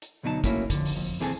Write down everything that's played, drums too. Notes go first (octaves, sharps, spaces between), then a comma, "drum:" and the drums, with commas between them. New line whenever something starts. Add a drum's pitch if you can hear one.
drum: hi-hat
D2 B2 F#3 D#4 E4 A5
A3 A#3 C#4 E4 F#4, drum: kick, hi-hat
F2 D3, drum: kick, hi-hat
drum: open hi-hat
F2
C2 E3 C4 G#4 A4 G#5